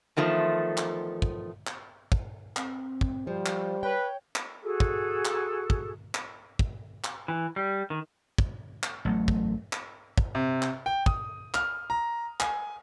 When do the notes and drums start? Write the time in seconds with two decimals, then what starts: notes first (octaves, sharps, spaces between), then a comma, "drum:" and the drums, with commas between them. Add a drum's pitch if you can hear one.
0.17 E2 D#3 F3 A3
0.77 drum: clap
1.22 drum: kick
1.67 drum: clap
2.12 drum: kick
2.56 C4, drum: clap
3.01 drum: kick
3.27 F3 G3 C5
3.46 drum: clap
3.83 B4 C#5 G5
4.36 drum: clap
4.63 F#4 G#4 A4
4.80 drum: kick
5.25 drum: clap
5.70 drum: kick
6.15 drum: clap
6.59 drum: kick
7.04 drum: clap
7.28 E3
7.56 G3
7.90 D#3
8.38 drum: kick
8.83 drum: clap
9.05 A1 F#3 A3
9.28 drum: kick
9.73 drum: clap
10.18 drum: kick
10.35 C3
10.62 drum: clap
10.86 G5
11.06 D#6, drum: kick
11.54 F6, drum: clap
11.90 A#5
12.40 G#5, drum: clap